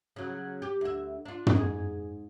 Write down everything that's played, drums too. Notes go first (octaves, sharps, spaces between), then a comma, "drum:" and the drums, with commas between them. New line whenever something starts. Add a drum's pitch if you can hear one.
C#3 F#3
G4
D2 E5
D4 F4
drum: tom
G#2 G#4